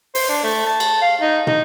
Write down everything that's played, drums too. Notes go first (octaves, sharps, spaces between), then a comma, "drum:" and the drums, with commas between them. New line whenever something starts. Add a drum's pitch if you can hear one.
C5, drum: open hi-hat
D4
A3
A5
drum: cymbal
F5
D#4
D#4, drum: tom